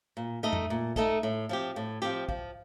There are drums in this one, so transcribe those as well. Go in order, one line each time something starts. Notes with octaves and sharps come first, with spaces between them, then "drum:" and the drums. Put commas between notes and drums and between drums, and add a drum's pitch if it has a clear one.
A#2
A3 D#4 A4 D#5
drum: tom F2
A#2
A3 D#4 A4 D#5, drum: kick
A2
F3 C4 G4
A2
F3 C4 G4
F3, drum: kick